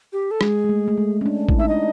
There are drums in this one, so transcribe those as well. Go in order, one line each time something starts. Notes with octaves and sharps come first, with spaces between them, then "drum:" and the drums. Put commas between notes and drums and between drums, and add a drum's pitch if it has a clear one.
G4
A4
G#3 G#4, drum: rim click
G#3
A3
A3
G#3
C#4
D4
E4, drum: kick A1
D#4 E5
D4 D#5